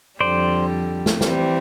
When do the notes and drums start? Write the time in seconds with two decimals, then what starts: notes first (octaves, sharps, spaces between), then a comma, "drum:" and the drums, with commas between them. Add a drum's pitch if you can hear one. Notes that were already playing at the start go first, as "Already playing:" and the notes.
0.20 F2 D3 G3 C5 D5
1.06 drum: snare
1.21 E3 G3 C4, drum: snare